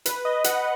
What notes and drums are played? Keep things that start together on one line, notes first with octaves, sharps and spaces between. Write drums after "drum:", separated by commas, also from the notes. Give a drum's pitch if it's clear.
B4, drum: hi-hat
B4 D#5
D#5 F#5, drum: hi-hat